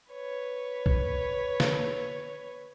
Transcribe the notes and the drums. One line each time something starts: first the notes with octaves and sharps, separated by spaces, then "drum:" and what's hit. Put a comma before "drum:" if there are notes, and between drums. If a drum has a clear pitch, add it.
B4 C#5
drum: kick A#1
drum: snare